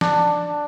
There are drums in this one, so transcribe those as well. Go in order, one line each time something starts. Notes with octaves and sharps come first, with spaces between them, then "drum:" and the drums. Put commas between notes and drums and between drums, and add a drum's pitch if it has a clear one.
D4, drum: snare